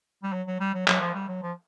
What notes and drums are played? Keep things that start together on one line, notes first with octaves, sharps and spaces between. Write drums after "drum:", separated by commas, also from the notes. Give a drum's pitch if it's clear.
G3
F#3
F#3
G3
F#3
F#3, drum: clap
F3
G3
F#3
F3